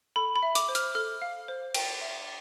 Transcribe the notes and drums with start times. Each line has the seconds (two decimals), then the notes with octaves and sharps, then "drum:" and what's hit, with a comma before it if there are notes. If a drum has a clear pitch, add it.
0.16 A4 B5
0.36 B5
0.43 E5
0.55 D6, drum: hi-hat
0.69 C5
0.75 F6, drum: hi-hat
0.95 A4 F6
1.22 F5
1.48 C5
1.74 G5, drum: cymbal
2.01 E5